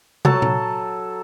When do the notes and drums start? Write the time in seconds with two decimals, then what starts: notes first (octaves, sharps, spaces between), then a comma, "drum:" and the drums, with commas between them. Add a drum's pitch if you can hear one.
0.25 F#3 A4 A5, drum: tom
0.42 drum: tom A#2